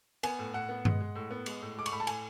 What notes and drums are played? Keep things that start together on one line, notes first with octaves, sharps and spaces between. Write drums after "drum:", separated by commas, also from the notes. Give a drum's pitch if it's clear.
B3 G#5, drum: cymbal
A2
A2 F#5
B3
G#3, drum: tom G2
G#3
A2
B3
G#3, drum: cymbal
A2
G#3 D6
C#6, drum: cymbal
A2 B5
A5
A2 G#5, drum: cymbal